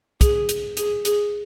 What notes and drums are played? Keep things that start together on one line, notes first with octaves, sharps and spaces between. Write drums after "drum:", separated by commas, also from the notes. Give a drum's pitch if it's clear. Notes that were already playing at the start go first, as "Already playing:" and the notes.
G#4, drum: kick, hi-hat
drum: hi-hat
G#4, drum: hi-hat
G#4, drum: hi-hat